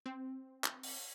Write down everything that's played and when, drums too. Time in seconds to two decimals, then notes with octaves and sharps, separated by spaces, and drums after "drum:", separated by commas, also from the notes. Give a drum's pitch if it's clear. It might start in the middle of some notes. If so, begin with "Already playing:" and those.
0.06 C4
0.64 drum: clap
0.83 drum: open hi-hat